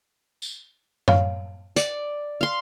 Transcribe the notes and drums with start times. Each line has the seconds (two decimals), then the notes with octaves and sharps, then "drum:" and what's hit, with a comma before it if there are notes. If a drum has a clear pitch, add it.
0.42 drum: tambourine
1.08 C#5 F5, drum: tom F#2
1.76 D5, drum: hi-hat
2.41 F5 C6